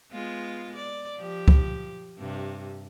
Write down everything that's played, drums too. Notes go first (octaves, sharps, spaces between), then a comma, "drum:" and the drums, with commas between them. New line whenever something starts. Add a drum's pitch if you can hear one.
G#3 B3 F4
D5
F3 G4
drum: kick C#2
G2 C3